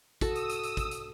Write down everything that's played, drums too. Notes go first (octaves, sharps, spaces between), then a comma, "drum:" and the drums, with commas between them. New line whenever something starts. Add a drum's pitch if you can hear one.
F#4 A4 D#6 E6, drum: kick, hi-hat
drum: hi-hat
drum: hi-hat
drum: hi-hat
drum: kick, hi-hat
drum: hi-hat